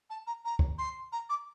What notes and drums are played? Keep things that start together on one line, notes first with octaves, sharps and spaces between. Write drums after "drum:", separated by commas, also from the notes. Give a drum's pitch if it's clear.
A5
A#5
A#5
drum: kick
C6
A#5
D6